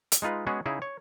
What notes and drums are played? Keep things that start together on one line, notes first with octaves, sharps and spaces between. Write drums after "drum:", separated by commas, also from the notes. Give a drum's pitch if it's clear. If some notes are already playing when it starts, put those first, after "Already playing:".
drum: hi-hat
G#3 D#4 F4 B4
G#3 B3 C#4 F#4 G#4
C#3 D#4 E4 G#4
C#5